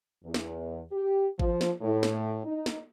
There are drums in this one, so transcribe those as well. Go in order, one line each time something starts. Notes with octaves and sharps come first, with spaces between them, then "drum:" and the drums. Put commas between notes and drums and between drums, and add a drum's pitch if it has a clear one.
E2
drum: snare
G4
F3, drum: kick G#1
drum: snare
A2
drum: snare
D#4
drum: snare